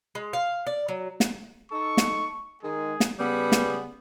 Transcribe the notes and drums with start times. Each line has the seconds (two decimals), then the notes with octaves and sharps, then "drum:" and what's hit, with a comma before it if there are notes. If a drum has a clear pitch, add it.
0.15 G#3
0.33 F5
0.67 D5
0.88 F#3
1.20 drum: snare
1.72 D#4 A4 C#6
1.97 drum: snare
2.63 D#3 G#3 G#4
3.00 drum: snare
3.19 C#3 G3 B3
3.52 drum: snare